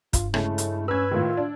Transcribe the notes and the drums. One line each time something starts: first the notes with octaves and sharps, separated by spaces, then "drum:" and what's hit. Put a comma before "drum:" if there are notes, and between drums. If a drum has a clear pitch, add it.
G2 F4, drum: kick, hi-hat
C#3 G#3 A3 E4, drum: rim click
drum: hi-hat
C#4 B4 E6 G#6
A2 D#3 F4
D4